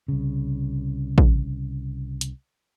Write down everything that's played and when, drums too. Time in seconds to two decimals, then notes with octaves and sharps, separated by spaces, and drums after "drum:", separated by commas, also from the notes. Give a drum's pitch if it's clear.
0.08 C2 C#3
1.18 drum: kick A1
2.21 drum: hi-hat